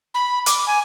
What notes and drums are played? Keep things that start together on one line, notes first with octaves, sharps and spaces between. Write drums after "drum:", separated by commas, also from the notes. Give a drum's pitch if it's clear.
B5
D6, drum: hi-hat
G#5